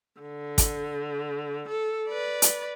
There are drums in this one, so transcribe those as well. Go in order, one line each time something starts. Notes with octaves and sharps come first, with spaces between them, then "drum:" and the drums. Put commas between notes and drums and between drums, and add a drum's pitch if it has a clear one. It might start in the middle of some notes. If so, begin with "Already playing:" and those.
D3
drum: kick, hi-hat
A4
B4 D5
drum: hi-hat